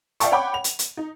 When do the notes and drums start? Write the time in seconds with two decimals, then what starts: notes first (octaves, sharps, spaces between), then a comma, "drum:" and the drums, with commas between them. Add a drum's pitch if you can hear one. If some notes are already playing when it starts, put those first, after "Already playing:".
0.20 D5 E5 F5 G5 A5 C#6, drum: hi-hat
0.32 C#5 F#5 G5 B5 D6
0.54 F7
0.64 drum: hi-hat
0.79 drum: hi-hat
0.97 D#4